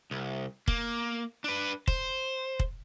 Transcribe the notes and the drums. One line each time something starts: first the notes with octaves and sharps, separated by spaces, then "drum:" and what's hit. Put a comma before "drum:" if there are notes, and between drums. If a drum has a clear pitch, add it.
C2
A#3, drum: kick
D4 B4
C5, drum: kick
drum: kick